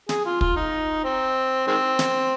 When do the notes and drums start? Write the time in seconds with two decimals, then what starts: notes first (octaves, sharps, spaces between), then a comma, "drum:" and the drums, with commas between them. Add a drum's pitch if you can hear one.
0.09 G#4, drum: snare
0.25 F4
0.41 F4, drum: kick
0.56 D#4
1.04 C4
1.67 D#3 G#3 C4
1.99 drum: snare